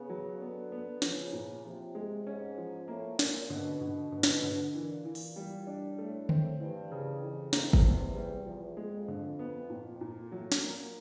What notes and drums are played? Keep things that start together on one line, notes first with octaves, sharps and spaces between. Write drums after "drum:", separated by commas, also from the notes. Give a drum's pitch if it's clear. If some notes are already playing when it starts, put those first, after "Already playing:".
Already playing: C#3 B3
F#3
D3 B3
B3
C#3 F3, drum: snare
A#2
C3 F3
G#3
G#2 C#4
F3
A2 A#3
A#2 C#4, drum: snare
B2 D3
D3
D3
drum: snare
D3
A#2 E3
E3
drum: open hi-hat
G3
D4
A2 A3
C4, drum: tom D3
G2 E3
C#3
F2 E3
F2 A#3, drum: snare
drum: kick
E2 C3
G3
E2 F3
F2 G#3
D3
B3
A#2
A#2
A2 F#3
drum: snare
A#2 A#3